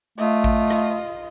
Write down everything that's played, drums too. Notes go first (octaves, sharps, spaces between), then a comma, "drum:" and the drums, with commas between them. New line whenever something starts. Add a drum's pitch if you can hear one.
A3 F4 D#5
drum: kick A1
drum: rim click